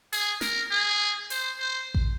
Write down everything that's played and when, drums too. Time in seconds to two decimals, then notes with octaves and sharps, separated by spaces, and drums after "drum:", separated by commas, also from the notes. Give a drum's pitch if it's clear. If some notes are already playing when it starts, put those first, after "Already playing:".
0.13 G#4, drum: open hi-hat
0.41 A#4, drum: snare
0.71 G#4
1.30 C5, drum: open hi-hat
1.60 C5
1.94 drum: kick A1